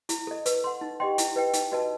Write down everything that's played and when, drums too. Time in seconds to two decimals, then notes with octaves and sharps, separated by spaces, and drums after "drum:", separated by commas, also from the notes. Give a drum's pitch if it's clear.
0.09 E4, drum: hi-hat
0.27 A4 D#5
0.46 B4, drum: hi-hat
0.64 F#5 C6
0.81 D#4
1.00 G4 D#5 G5 C6
1.18 E4, drum: hi-hat
1.36 B4 D#5 G5
1.53 D#4, drum: hi-hat
1.72 F#4 B4 D#5 A5